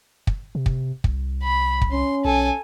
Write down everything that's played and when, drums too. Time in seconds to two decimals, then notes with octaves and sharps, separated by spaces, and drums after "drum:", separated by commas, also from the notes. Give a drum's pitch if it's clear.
0.27 drum: kick
0.55 C3
0.66 drum: kick
1.04 C2, drum: kick
1.43 B5
1.81 drum: kick
1.92 C#4 C6
2.25 B1 A4 G#5